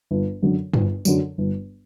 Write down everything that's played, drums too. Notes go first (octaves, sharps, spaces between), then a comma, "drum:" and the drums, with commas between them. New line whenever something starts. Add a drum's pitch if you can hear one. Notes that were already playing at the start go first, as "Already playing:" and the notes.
G1
F#2 D3 F#3
G1, drum: tom G2
F#2 D3 F#3, drum: tambourine
G1